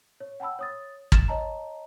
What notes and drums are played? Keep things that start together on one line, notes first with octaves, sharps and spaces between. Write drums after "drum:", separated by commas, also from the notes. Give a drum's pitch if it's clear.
C#5
F#5 G5 A5 B5 E6
C#5 D#6 A6
A6 E7, drum: kick
C#5 D#5 A5 A#5